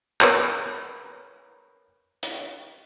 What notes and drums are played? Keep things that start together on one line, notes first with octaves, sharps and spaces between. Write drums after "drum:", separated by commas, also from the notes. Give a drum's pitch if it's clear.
A#4 B4 C#5, drum: clap
drum: hi-hat